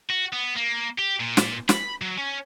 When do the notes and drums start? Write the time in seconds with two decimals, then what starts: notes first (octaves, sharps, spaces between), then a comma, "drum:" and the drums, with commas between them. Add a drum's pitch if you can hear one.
0.10 F#4
0.32 B3
0.56 A#3
0.99 G4
1.21 A#2
1.37 drum: snare
1.69 B5, drum: snare
2.02 F#3
2.18 C#4